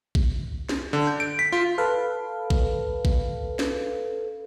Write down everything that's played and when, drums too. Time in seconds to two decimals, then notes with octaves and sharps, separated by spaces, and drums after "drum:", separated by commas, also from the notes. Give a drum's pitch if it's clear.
0.15 drum: kick A#1
0.69 drum: snare
0.93 D3
1.07 G6
1.20 D7
1.39 B6
1.52 F4
1.78 A4 B4 F5
2.50 drum: kick A#1
3.05 drum: kick A#1
3.59 drum: snare